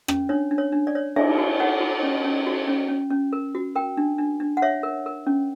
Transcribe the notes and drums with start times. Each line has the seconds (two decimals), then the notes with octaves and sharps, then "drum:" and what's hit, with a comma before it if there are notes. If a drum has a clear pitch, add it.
0.08 C#4, drum: rim click
0.29 D4 C#5
0.51 D4
0.58 C#5
0.72 D4
0.87 D5
0.95 C#5
1.16 D4 E5, drum: cymbal
1.38 F#4
1.60 C#5 F#5
1.81 F#4
2.03 C#4
2.24 C#4
2.47 F#4
2.67 C#4
2.89 C#4
3.10 C#4
3.33 A#4
3.55 F#4
3.76 A#4 G5
3.97 D4
4.18 D4
4.40 D4
4.57 F#5
4.62 C#5 E5
4.83 A#4
5.06 A#4
5.27 C#4